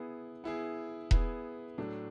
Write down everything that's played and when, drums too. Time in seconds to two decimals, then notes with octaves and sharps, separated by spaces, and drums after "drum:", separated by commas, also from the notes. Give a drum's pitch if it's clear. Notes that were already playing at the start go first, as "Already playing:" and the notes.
Already playing: B3 E4 G#4
0.44 B3 E4 G#4
1.11 B3 E4 G#4, drum: kick E1
1.78 A2 F#3 A3 D4